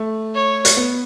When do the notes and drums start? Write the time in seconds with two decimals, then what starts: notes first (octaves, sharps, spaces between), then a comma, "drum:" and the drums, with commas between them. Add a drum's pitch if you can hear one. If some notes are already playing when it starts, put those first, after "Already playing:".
Already playing: A3
0.34 C#5
0.65 drum: hi-hat
0.77 B3